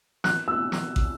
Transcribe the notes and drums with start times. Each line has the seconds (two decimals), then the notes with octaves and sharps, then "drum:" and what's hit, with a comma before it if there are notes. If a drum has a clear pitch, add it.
0.24 F#6, drum: snare
0.48 E6
0.72 drum: snare
0.96 drum: kick